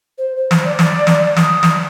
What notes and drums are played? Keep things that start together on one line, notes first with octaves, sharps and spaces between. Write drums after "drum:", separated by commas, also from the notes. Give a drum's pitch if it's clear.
C5
C5
drum: snare
D5
drum: snare
drum: snare
D#6, drum: snare
drum: snare